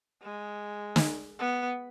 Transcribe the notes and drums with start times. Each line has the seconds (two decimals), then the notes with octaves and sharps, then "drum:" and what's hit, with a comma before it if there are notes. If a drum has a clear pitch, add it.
0.23 G#3
0.96 drum: snare
1.39 B3